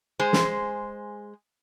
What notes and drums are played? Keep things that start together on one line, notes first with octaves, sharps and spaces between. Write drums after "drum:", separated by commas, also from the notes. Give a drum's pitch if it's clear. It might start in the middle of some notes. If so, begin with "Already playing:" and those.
G#3 G#4 C5
drum: snare